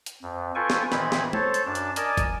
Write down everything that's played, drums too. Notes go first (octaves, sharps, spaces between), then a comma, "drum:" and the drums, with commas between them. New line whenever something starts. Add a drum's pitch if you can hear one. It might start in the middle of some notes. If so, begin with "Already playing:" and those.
drum: hi-hat
F2
F4 A4 B4 G5 G#5 C#6
drum: snare
A#2 D#3 E3 C4 B5 G#6, drum: snare
drum: snare
A4 C5 C#5 A5, drum: tom
drum: hi-hat
F#2 D4 A5
drum: hi-hat
A#4 D5 D#5 G#5 A5, drum: hi-hat
drum: kick, hi-hat